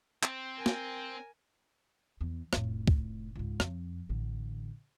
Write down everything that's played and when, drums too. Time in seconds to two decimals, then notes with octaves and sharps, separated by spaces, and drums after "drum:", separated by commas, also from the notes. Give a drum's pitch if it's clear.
0.23 C4, drum: clap
0.57 A#4 G#5
0.66 drum: snare
2.21 E2
2.53 F1 A2, drum: rim click
2.88 drum: kick C#2
3.36 C#2 G#2
3.60 F2, drum: rim click
4.09 A1 D3